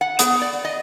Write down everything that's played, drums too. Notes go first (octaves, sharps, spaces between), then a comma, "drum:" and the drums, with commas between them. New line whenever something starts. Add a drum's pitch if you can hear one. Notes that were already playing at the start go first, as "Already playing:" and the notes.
F#5
B3, drum: hi-hat
D5
D#5